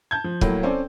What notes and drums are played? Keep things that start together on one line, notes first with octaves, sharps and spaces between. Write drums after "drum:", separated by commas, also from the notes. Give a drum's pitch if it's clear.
A5 G6 G#6
F3
A2 F#3 A#3, drum: kick
C4 C#4 A4 D5